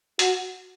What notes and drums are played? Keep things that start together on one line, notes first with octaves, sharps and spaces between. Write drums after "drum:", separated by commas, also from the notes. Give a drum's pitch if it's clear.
F#4, drum: hi-hat